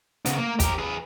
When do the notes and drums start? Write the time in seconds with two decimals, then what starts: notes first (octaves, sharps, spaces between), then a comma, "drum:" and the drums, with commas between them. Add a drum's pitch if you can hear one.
0.25 C#3 B3, drum: hi-hat
0.38 A#3
0.60 G4 A#4, drum: kick, hi-hat
0.79 G#4 B4